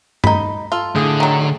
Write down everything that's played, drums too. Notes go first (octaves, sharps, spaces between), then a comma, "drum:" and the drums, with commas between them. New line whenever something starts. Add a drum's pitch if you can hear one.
D#4 B5, drum: tom
F4 A4
A2 D3 G#4 D#6
D#3 F#3